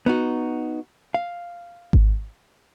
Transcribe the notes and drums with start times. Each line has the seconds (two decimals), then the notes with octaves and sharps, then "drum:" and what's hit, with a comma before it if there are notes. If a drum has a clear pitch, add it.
0.06 B3 D#4 F#4
1.14 F5
1.93 drum: kick G#1